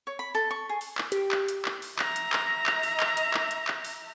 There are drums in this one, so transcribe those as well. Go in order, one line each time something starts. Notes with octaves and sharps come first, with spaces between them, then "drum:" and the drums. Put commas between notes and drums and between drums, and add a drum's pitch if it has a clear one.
C#5
B5
A4
C#6
G#4
drum: open hi-hat
drum: clap
G4, drum: hi-hat
drum: clap
drum: hi-hat
drum: clap
drum: open hi-hat
E5 A#5, drum: clap
drum: hi-hat
drum: clap
drum: clap
drum: open hi-hat
drum: clap
drum: hi-hat
drum: clap
drum: hi-hat
drum: clap
drum: open hi-hat